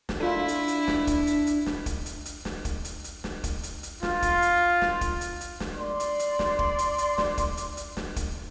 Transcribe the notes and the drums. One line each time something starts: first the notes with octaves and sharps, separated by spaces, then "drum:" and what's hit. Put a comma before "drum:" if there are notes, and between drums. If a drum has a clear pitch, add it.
drum: snare
D4 E4 F4 A4
drum: hi-hat
drum: hi-hat
drum: snare
drum: kick, hi-hat
drum: hi-hat
drum: hi-hat
drum: snare
drum: kick, hi-hat
drum: hi-hat
drum: hi-hat
drum: snare
drum: kick, hi-hat
drum: hi-hat
drum: hi-hat
drum: snare
drum: kick, hi-hat
drum: hi-hat
drum: hi-hat
F4, drum: snare
drum: kick, hi-hat
drum: hi-hat
drum: snare
drum: kick, hi-hat
drum: hi-hat
drum: hi-hat
drum: snare
D5 C6
drum: hi-hat
drum: hi-hat
drum: snare
drum: kick
drum: hi-hat
drum: hi-hat
drum: snare
drum: kick, hi-hat
drum: hi-hat
drum: hi-hat
drum: snare
drum: kick, hi-hat